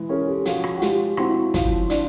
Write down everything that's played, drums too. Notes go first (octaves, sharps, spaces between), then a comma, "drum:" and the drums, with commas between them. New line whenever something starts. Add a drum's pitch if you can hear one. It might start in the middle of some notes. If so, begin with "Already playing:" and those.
Already playing: E3 G#3
C#4 G#4 A#4
G4 A4
F3 F#4 G#4, drum: hi-hat
drum: rim click
F#4
G#3 F4 G4, drum: hi-hat
C4 E4 F#4, drum: rim click
F3, drum: kick, hi-hat
D4, drum: hi-hat